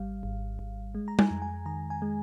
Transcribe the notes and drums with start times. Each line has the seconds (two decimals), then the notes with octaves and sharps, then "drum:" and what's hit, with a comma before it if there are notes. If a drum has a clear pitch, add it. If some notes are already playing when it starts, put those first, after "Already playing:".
Already playing: G#1 G3 F5
0.23 G#1
0.59 G#1
0.95 G#3
1.08 A#5
1.19 G#5, drum: tom
1.30 F2
1.42 G#5
1.66 D#3 A#5
1.90 G#5
2.02 G#3